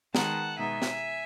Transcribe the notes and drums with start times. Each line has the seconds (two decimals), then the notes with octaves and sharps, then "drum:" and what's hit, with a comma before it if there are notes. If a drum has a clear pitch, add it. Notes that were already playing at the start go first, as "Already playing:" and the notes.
0.15 D#3 G#3 B3 D#4 F#5 A5, drum: snare
0.59 B2 G#3 B3 D#4 E5 G#5
0.82 drum: snare